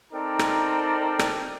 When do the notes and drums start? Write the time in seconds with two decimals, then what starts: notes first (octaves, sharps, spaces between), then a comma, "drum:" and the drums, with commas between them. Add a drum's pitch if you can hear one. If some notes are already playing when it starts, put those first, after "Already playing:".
0.13 C4 D#4 A4 A#4 D5 A#5
0.39 drum: rim click
1.19 drum: rim click